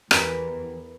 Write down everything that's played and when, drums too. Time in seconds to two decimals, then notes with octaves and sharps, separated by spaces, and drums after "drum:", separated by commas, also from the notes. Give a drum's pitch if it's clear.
0.11 E2 E3 G4 A#4 B4, drum: rim click